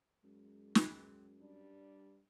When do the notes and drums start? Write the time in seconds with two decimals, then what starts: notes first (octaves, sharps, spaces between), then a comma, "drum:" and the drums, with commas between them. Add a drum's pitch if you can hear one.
0.24 F#2 G#3
0.75 drum: snare
1.40 G2 G3 D4